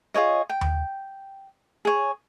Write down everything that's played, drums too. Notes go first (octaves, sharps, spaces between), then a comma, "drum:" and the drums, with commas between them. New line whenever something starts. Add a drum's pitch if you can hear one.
F4 G#4 C#5 D#5
G5
drum: tom D#2
G#4 C#5